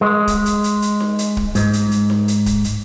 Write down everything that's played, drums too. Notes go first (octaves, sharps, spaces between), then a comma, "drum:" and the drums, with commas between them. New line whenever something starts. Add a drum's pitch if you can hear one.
G#3
drum: kick, hi-hat
drum: hi-hat
drum: hi-hat
drum: hi-hat
drum: snare D#4
drum: hi-hat
drum: kick
G#2, drum: hi-hat
drum: hi-hat
drum: hi-hat
drum: snare D#4
drum: hi-hat
drum: kick, hi-hat
drum: hi-hat